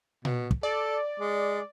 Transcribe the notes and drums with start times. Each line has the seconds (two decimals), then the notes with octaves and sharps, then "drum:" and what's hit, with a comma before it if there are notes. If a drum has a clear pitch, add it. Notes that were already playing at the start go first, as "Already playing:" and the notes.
0.25 B2, drum: tom A#2
0.51 drum: kick
0.63 A4 D5
1.20 G#3